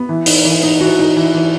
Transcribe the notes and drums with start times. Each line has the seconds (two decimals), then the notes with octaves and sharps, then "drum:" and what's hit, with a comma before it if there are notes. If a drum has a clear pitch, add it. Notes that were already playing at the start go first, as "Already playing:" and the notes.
Already playing: B3
0.09 E3
0.26 D#4, drum: open hi-hat
0.45 E3
0.63 D#4
0.80 E3 F#4
0.99 D#4
1.17 E3
1.34 E3